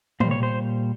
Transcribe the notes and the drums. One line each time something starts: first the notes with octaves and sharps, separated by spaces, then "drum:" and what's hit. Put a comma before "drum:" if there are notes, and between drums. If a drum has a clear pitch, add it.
A#2 G3 C5, drum: tom
C#5
C5